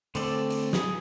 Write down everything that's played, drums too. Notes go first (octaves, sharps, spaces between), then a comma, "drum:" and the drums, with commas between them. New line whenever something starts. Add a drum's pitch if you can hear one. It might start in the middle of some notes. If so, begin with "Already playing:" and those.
D3 A3 C4 A4 D5, drum: hi-hat
drum: hi-hat
G#4, drum: snare